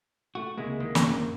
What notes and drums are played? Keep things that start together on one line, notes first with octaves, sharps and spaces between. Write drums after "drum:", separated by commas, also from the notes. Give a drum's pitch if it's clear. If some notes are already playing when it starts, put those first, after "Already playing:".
A3 F#4
C#2 C3 G#3 A#3 E4
D#3 A#3
A#1 F#2 A#4, drum: snare